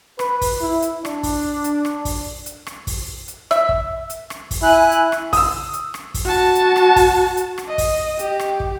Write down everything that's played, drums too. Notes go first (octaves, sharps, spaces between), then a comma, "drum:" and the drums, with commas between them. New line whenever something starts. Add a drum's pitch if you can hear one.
B4, drum: rim click
drum: kick, open hi-hat
E4
drum: hi-hat
D4, drum: rim click
drum: kick, open hi-hat
drum: hi-hat
drum: rim click
drum: kick, open hi-hat
drum: hi-hat
drum: rim click
drum: kick, open hi-hat
drum: hi-hat
E5, drum: rim click
drum: kick
drum: hi-hat
drum: rim click
drum: kick, open hi-hat
E4 G#5 F#6
drum: hi-hat
drum: rim click
D#6 E6, drum: kick, open hi-hat
drum: hi-hat
drum: rim click
drum: kick, open hi-hat
F#4 A5
drum: hi-hat
drum: rim click
drum: kick, open hi-hat
drum: hi-hat
drum: rim click
D#5
drum: kick, open hi-hat
G4, drum: hi-hat
drum: rim click
drum: kick